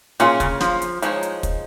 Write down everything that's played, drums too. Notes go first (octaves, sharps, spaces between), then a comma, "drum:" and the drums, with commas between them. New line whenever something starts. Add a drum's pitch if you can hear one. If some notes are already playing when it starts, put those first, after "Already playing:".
A#2 A#3 C#4 F4 G#4, drum: hi-hat
C#3, drum: kick, hi-hat
F3, drum: snare
drum: hi-hat
F3 G#3 D#4 C#5, drum: hi-hat
drum: hi-hat
drum: kick, hi-hat